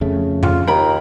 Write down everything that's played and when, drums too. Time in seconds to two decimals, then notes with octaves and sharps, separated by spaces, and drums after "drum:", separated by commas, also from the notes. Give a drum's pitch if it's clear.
0.01 F2 C#3 A3
0.43 F4, drum: tom F2
0.67 D#2 A#4 A#5 B5